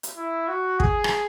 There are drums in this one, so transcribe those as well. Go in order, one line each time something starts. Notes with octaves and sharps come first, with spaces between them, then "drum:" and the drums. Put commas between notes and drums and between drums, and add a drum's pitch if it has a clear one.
drum: hi-hat
E4
F#4
G#4, drum: kick
drum: rim click